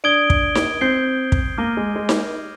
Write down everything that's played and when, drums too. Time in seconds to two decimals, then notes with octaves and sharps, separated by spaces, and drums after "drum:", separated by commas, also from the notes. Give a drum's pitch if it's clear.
0.04 D4 D#6 G#6 D7 G7
0.30 drum: kick
0.55 drum: snare D#4
0.81 C4 G6 C7 G7
1.32 drum: kick
1.58 A#3 D6 F6 A#6 D#7 G7
1.77 G#3
1.96 G#3
2.09 drum: snare D#4